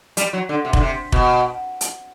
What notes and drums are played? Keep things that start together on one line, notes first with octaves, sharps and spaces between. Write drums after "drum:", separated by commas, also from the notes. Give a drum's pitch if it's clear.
G3, drum: hi-hat
F#3
D3
C3
D3, drum: kick F1
C3
B2, drum: kick F1
drum: hi-hat